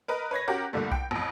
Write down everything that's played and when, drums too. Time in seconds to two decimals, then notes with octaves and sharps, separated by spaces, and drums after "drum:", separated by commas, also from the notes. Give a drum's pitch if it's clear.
0.08 A#4 B4 D#5
0.31 B4 C#5 G#6 A#6
0.48 C#4 F#4 G4 A#4
0.73 C2 A#2 D3 G3 A3
0.92 G5, drum: kick B1
1.11 A1 F2